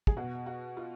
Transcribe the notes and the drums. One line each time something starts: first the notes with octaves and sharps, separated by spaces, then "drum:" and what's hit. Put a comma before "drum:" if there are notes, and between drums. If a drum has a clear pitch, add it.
G#4, drum: kick
B2 F#4
F#4
F4